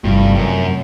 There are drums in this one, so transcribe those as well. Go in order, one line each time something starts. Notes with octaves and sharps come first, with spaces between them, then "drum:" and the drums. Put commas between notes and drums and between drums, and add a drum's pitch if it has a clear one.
C2 G2 C3 F3 A3, drum: kick G1
F#2